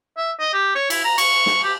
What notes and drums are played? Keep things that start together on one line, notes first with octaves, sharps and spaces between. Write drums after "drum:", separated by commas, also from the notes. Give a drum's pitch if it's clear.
E5
D#5
G4
C#5
E4, drum: cymbal
A#5
C#6, drum: cymbal
drum: snare
G4